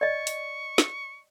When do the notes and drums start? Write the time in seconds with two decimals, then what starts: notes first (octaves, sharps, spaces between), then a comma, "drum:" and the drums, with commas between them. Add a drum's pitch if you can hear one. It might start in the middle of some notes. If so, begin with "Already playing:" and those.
0.01 D5 D#5 C#6
0.27 drum: hi-hat
0.78 drum: snare